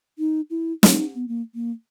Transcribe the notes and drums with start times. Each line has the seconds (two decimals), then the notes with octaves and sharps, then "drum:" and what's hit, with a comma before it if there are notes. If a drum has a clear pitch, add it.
0.19 D#4
0.50 E4
0.83 D#4, drum: snare
1.15 B3
1.28 A#3
1.54 A#3